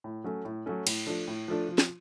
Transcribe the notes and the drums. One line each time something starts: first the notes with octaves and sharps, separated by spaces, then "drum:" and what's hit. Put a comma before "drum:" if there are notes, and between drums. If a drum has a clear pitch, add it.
A2
F#3 A3 C#4
A2
F#3 A3 C#4
A2, drum: cymbal
F3 A3 D4
A2
F3 A3 D4
F3
drum: snare